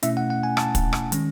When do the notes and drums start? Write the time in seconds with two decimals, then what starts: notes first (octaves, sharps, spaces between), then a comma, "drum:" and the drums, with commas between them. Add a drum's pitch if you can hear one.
0.03 B2 A3 C#4 E4 E5, drum: hi-hat
0.17 F#5
0.30 F#5
0.43 G#5
0.57 A5, drum: rim click
0.75 drum: kick, hi-hat
0.93 drum: rim click
1.12 D#3 G#3 C#4, drum: hi-hat